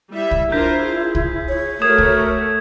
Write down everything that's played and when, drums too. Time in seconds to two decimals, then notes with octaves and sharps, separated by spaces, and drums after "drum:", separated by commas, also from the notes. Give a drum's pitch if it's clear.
0.13 G3 E4 E5
0.31 drum: kick C2
0.52 D4 F4 A#4 C5 G6 B6
0.87 F4 G#4
1.15 drum: kick C2
1.49 C#5
1.82 A3 F#4 A#4 D#6 G#6 E7
1.98 drum: kick C2